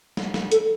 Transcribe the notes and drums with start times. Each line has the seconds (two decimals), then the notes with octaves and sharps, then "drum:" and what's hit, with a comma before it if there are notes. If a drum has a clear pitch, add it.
0.17 drum: snare
0.34 drum: snare
0.52 A4, drum: hi-hat